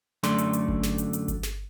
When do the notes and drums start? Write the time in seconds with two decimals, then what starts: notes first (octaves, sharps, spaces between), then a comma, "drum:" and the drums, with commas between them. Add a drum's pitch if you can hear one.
0.23 F#2 D3 A3 D5 C6, drum: snare
0.38 drum: hi-hat
0.53 drum: hi-hat
0.68 drum: kick G1
0.83 drum: snare
0.98 drum: hi-hat
1.13 drum: hi-hat
1.28 drum: kick G1, hi-hat
1.43 drum: snare